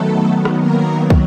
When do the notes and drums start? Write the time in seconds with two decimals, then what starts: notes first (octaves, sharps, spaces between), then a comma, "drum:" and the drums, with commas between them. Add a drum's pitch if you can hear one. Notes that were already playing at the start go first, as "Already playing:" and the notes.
Already playing: D#3 F#3 A3 B3 A4
0.45 drum: rim click
0.58 A#3 A#4
1.10 drum: kick